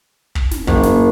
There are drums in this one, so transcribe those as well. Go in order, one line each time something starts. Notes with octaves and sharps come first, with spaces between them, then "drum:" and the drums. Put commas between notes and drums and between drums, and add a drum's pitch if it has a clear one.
drum: kick
drum: snare
F#1 A#3, drum: kick
drum: snare